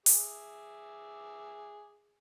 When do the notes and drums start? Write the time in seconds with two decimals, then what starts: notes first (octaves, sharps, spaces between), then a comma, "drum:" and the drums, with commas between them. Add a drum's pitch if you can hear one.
0.06 G#4 E5 D6, drum: open hi-hat